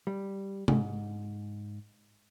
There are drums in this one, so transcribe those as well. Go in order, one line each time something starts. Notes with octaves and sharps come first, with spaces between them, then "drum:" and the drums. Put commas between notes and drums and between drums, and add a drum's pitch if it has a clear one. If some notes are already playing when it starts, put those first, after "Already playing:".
G3
G#2, drum: tom C3